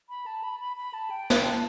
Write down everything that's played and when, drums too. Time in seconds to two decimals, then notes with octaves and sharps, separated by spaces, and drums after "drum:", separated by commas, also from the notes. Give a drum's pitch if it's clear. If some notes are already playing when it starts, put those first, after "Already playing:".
0.09 B5
0.26 A5
0.43 B5
0.60 B5
0.77 B5
0.94 A5
1.10 G5
1.30 drum: snare
1.44 A5